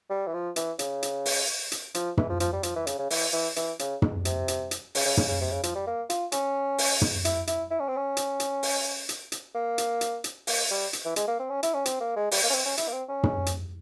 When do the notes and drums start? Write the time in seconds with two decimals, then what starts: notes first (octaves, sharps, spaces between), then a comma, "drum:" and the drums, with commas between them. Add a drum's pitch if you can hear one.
0.10 G3
0.27 E3
0.34 F3
0.56 E3, drum: hi-hat
0.79 C#3, drum: hi-hat
1.03 drum: hi-hat
1.26 drum: open hi-hat
1.72 drum: hi-hat
1.95 F3, drum: hi-hat
2.17 E3, drum: tom
2.29 F3
2.40 F3, drum: hi-hat
2.53 G3
2.63 F3, drum: hi-hat
2.76 E3
2.87 C#3, drum: hi-hat
2.98 C#3
3.10 E3, drum: open hi-hat
3.32 E3
3.56 E3, drum: hi-hat
3.79 C#3, drum: hi-hat
4.02 drum: tom
4.25 C3, drum: hi-hat
4.48 drum: hi-hat
4.71 drum: hi-hat
4.95 C#3, drum: open hi-hat
5.06 C#3
5.17 C#3, drum: tom
5.28 C#3
5.41 C3
5.52 C#3
5.63 F3, drum: hi-hat
5.75 G3
5.87 A#3
6.10 F4, drum: hi-hat
6.32 C#4, drum: hi-hat
6.78 drum: open hi-hat
7.01 drum: tom
7.25 E4, drum: hi-hat
7.47 E4, drum: hi-hat
7.71 E4
7.80 C#4
7.89 C4
7.97 C#4
8.17 drum: hi-hat
8.40 drum: hi-hat
8.63 drum: open hi-hat
9.09 drum: hi-hat
9.32 drum: hi-hat
9.54 A#3
9.78 drum: hi-hat
10.01 drum: hi-hat
10.24 drum: hi-hat
10.47 A#3, drum: open hi-hat
10.71 G3
10.93 drum: hi-hat
11.05 E3
11.16 G#3, drum: hi-hat
11.28 A#3
11.39 C4
11.50 C#4
11.63 E4, drum: hi-hat
11.74 C#4
11.85 C4, drum: hi-hat
12.00 A#3
12.16 G#3
12.31 G3, drum: open hi-hat
12.43 A#3
12.50 C#4
12.54 C4
12.66 C#4
12.78 E4, drum: hi-hat
12.88 A#3
12.93 C4
13.09 C#4
13.23 drum: tom
13.46 drum: hi-hat